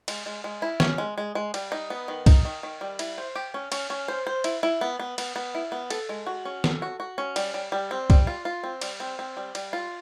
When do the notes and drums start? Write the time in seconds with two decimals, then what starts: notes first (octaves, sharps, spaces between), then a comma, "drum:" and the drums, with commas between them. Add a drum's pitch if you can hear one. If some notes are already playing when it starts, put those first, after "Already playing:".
0.08 G#3, drum: cymbal
0.26 G#3
0.44 G#3
0.62 E4
0.80 C#4, drum: snare
0.98 G#3
1.18 G#3
1.35 G#3
1.54 G3, drum: cymbal
1.72 D#4
1.90 B3
2.08 D#3
2.26 D#4, drum: kick, cymbal
2.45 D#3
2.63 D#3
2.81 G3
2.99 E4, drum: cymbal
3.18 C5
3.35 G4
3.54 C#4
3.72 C#4, drum: cymbal
3.90 C#4
4.08 C5
4.27 C5
4.44 E4, drum: cymbal
4.63 E4
4.81 B3
4.99 B3
5.18 B3, drum: cymbal
5.36 B3
5.55 E4
5.72 B3
5.90 A4, drum: cymbal
6.09 G#3
6.26 F#4
6.45 C#4
6.64 A4, drum: snare
6.82 F#4
7.00 F#4
7.18 C#4
7.36 G3, drum: cymbal
7.54 G3
7.72 G3
7.91 C4
8.10 G3, drum: kick, cymbal
8.27 F4
8.45 F4
8.64 C4
8.81 G3, drum: cymbal
9.00 C4
9.19 C4
9.37 G3
9.55 G3, drum: cymbal
9.73 F4